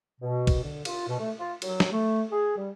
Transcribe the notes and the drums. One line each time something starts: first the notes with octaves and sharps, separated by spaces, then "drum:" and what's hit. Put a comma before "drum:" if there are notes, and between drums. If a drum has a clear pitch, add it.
B2
drum: kick, cymbal
D3
F4, drum: cymbal
B2
A3
F4
F#3, drum: cymbal
drum: snare
A3
G#4
G3